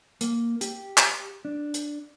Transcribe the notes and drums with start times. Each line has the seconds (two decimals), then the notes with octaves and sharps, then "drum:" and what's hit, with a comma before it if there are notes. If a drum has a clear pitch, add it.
0.21 A#3, drum: hi-hat
0.61 G4, drum: hi-hat
0.97 drum: clap
1.45 D4
1.74 drum: hi-hat